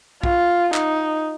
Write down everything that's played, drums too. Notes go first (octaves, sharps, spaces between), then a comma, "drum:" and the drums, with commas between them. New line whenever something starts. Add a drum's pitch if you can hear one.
F4, drum: kick
D#4, drum: clap